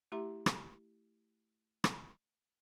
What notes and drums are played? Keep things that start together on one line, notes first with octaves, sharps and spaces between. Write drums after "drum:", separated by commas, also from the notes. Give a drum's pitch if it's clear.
A3 E4 G4 E5 A#5 C6
drum: rim click
drum: rim click